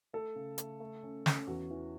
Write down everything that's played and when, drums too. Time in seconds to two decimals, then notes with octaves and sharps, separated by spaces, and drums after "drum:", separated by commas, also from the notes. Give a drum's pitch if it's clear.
0.13 A3 A4
0.36 C#3
0.58 A3, drum: hi-hat
0.80 A3
1.03 C#4
1.26 C#4, drum: snare
1.47 E2 F#4
1.70 E3